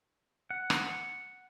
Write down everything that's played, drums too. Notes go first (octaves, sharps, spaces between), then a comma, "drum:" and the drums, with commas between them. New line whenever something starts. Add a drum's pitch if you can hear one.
F#5
drum: rim click